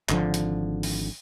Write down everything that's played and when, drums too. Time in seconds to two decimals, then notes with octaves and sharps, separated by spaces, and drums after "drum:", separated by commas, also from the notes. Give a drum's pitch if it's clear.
0.09 G#1 D3 F3, drum: clap
0.34 drum: hi-hat
0.83 drum: open hi-hat